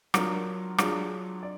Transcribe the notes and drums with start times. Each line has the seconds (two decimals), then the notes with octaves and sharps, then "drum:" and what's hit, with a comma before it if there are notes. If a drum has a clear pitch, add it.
0.14 F#3 D4 F4 A#4, drum: rim click
0.78 F#3 D4 F4 G#4, drum: rim click
1.43 D5